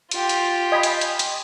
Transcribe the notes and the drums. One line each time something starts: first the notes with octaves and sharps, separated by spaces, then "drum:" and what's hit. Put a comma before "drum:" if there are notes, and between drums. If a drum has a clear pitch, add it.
F4 G4, drum: hi-hat
drum: hi-hat
D#5 G#5 B5
drum: hi-hat
drum: hi-hat
drum: hi-hat